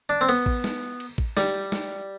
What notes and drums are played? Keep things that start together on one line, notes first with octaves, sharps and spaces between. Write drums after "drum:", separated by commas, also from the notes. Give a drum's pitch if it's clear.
D4
C4
B3, drum: cymbal
drum: kick A1
drum: snare
drum: cymbal
drum: kick A1
G3, drum: snare
drum: snare